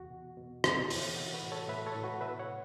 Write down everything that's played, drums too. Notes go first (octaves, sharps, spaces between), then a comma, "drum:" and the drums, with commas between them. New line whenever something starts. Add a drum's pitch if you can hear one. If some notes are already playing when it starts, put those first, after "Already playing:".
Already playing: E2 F#4
B2
B2
B2, drum: rim click
E2, drum: open hi-hat
E3 F#4
F#4 B4
A2
A4 C#5
A2 B4 E5
A4 C#5
A2
F#4 B4
B2 B4 E5
C#5 F#5